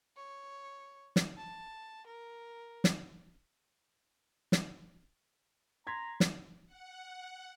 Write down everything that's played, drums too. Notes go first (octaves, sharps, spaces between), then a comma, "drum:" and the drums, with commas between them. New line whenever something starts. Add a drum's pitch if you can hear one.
C#5
drum: snare
A5
A#4
drum: snare
drum: snare
A#5 C6 G#6 B6
drum: snare
F#5